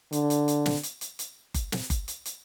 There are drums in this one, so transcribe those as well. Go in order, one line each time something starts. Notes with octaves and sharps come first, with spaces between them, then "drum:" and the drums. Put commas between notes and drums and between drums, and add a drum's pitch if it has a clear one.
D3, drum: hi-hat
drum: hi-hat
drum: hi-hat
drum: snare
drum: hi-hat
drum: hi-hat
drum: hi-hat
drum: kick F#1, hi-hat
drum: snare
drum: kick F#1, hi-hat
drum: hi-hat
drum: hi-hat